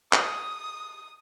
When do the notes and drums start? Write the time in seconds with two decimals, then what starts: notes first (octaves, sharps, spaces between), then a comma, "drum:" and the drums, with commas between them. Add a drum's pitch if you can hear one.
0.13 D#6, drum: clap